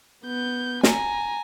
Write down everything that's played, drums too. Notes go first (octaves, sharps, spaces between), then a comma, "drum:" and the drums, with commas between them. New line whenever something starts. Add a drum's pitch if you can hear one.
B3 G6
G#5 A#5, drum: snare